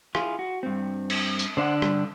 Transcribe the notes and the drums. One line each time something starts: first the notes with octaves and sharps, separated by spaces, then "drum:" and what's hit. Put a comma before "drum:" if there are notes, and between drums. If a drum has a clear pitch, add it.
E4 F4 G#4, drum: rim click
F#4
G2 C4
drum: cymbal
drum: tambourine
D3 D4 C5 F5 F#5
G2, drum: rim click